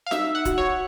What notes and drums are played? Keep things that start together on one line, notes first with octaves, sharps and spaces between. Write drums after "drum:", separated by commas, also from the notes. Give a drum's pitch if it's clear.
F5
D#4 E5, drum: snare
F#5
F#4, drum: kick D1, hi-hat
C#5